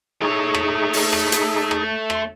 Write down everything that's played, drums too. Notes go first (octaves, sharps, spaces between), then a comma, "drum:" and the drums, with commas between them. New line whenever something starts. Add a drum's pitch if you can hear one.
A3 D#4 G#4 C#5
drum: rim click
drum: open hi-hat
drum: rim click
drum: hi-hat
drum: rim click
C6, drum: rim click